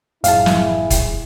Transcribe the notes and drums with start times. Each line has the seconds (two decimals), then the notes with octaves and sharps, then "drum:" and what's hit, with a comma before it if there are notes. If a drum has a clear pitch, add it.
0.24 F#1 F#2 A2 E4 G#4 F5 A5, drum: hi-hat
0.46 drum: snare
0.90 drum: kick, hi-hat